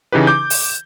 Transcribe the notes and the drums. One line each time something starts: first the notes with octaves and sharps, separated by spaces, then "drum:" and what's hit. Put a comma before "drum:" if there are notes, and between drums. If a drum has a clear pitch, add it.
C#3 E3 D#4 G4 B4
D6 G6
drum: open hi-hat